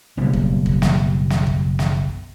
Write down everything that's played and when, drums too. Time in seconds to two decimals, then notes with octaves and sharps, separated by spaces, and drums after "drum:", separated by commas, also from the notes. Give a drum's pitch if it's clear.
0.17 F#1 B1 A#2 G3
0.33 drum: kick
0.66 drum: kick
0.82 drum: snare
1.30 drum: snare
1.47 drum: kick
1.79 drum: snare